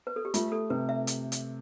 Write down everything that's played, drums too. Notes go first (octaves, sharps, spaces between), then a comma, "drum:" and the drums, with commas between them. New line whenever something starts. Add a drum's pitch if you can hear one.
B4
A4
G4
A3 F4, drum: hi-hat
A4
C3 B4
E5
drum: hi-hat
drum: hi-hat